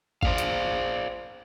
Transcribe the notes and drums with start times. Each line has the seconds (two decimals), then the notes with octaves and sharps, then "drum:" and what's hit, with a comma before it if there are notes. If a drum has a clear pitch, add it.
0.23 C5 D5 F5, drum: kick
0.38 drum: hi-hat